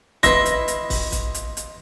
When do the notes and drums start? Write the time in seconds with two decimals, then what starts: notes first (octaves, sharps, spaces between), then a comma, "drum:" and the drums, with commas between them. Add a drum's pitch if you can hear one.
0.23 E4 B4 D#5 C6 A#6, drum: kick, hi-hat
0.45 drum: hi-hat
0.68 drum: hi-hat
0.90 drum: kick, open hi-hat
1.12 drum: kick, hi-hat
1.34 drum: hi-hat
1.57 drum: hi-hat